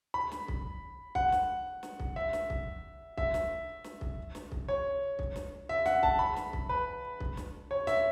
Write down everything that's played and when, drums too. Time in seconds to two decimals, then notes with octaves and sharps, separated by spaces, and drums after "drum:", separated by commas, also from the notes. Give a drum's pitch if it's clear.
0.14 B5
0.31 drum: snare
0.48 drum: kick
1.15 F#5, drum: kick
1.32 drum: snare
1.83 drum: snare
2.00 drum: kick
2.16 E5
2.33 drum: snare
2.50 drum: kick
3.17 E5, drum: kick
3.34 drum: snare
3.84 drum: snare
4.01 drum: kick
4.35 drum: snare
4.52 drum: kick
4.68 C#5
5.19 drum: kick
5.36 drum: snare
5.69 E5
5.86 F#5, drum: snare
6.03 A5, drum: kick
6.19 B5
6.36 drum: snare
6.53 drum: kick
6.69 B4
7.20 drum: kick
7.37 drum: snare
7.71 C#5
7.87 E5, drum: snare